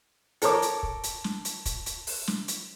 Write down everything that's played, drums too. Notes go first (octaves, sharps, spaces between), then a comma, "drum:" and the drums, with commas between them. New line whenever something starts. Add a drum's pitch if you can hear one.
A4 A#4 C#5 D6, drum: hi-hat
drum: hi-hat
drum: kick
drum: hi-hat
drum: snare
drum: hi-hat
drum: kick, hi-hat
drum: hi-hat
drum: open hi-hat
drum: snare
drum: hi-hat